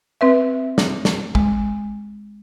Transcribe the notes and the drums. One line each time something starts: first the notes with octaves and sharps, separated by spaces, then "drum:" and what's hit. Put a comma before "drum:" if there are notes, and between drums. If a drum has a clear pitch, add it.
C4 B4 E5
drum: snare
drum: snare
G#3, drum: kick